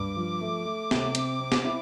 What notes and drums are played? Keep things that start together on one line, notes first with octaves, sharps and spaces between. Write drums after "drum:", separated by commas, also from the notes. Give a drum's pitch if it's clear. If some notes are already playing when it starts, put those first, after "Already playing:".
Already playing: G2 D6
F3
A3
A3
C3, drum: snare
C4, drum: hi-hat
C4
drum: snare
E4